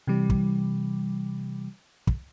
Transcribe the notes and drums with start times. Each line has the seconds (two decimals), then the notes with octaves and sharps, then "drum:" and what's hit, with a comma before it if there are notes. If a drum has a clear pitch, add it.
0.07 C3 E3 G3
0.30 drum: kick
2.07 drum: kick